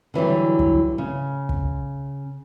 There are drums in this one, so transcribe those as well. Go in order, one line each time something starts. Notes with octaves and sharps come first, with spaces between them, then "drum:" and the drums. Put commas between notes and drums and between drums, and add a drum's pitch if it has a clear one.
D3 E3 F#3 G3
drum: kick
C#3
drum: kick